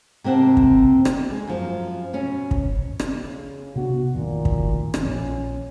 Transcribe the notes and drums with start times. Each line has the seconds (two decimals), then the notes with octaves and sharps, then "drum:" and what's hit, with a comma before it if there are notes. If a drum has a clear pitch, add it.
0.24 C3 A#3 C4 F#5 A5
0.57 drum: kick
1.05 drum: rim click
1.31 G#3
1.48 F#2 F3
2.13 B2 C#4
2.51 drum: kick
2.99 drum: rim click
3.24 C#3
3.76 C3 B3 D4 F#4
4.14 A1 F2 A#2 D#3
4.45 drum: kick
4.94 drum: rim click
5.05 A#1 F3 C#4